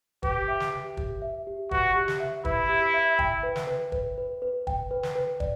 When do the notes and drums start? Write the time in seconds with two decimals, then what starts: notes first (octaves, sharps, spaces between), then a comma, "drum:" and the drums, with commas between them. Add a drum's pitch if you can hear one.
0.23 G4 B4, drum: kick
0.48 E5
0.60 drum: snare
0.73 G4
0.97 G4, drum: kick
1.22 E5
1.47 G4
1.71 F#4 B4, drum: kick
1.96 G4
2.08 drum: snare
2.20 E5
2.45 E4 B4, drum: kick
2.69 G4
2.94 E5
3.19 G5, drum: kick
3.43 B4
3.56 drum: snare
3.67 B4
3.92 B4, drum: kick
4.18 B4
4.42 B4
4.67 G5, drum: kick
4.91 B4
5.03 drum: snare
5.15 B4
5.40 D5, drum: kick